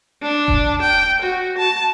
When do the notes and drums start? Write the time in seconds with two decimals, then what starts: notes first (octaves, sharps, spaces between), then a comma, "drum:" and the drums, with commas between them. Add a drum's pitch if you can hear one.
0.23 D4
0.48 drum: kick E1
0.82 G5
1.22 F#4
1.58 A5